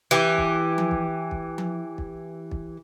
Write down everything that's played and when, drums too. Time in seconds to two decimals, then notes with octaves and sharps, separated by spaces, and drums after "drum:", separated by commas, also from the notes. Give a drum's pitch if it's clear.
0.11 E3 G4
0.38 drum: kick
0.78 drum: tom F3
0.91 drum: kick
1.31 drum: kick
1.58 drum: tom F3
1.98 drum: kick
2.51 drum: kick